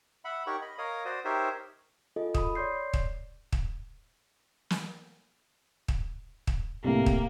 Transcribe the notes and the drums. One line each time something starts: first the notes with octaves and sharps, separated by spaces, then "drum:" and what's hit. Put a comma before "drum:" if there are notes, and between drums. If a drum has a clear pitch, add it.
E5 F#5 B5
D#4 G4 A#4 C#5 F#5 C#6
D#5 B5
A#4 C#5 D#5 F5 D#6
F#4 C5 D5 D#6
D#4 G4 A#4 C5 C#5 E5
F4 G#4 A4 D#5
B5 D#6, drum: kick
C#5 D5 C6 G6 C7
drum: kick
drum: kick
drum: snare
drum: kick
drum: kick
C2 A2 A#3
drum: kick